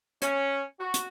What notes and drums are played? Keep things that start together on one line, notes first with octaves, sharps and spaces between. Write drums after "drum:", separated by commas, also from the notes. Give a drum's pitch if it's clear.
C#4, drum: hi-hat
F#4
drum: hi-hat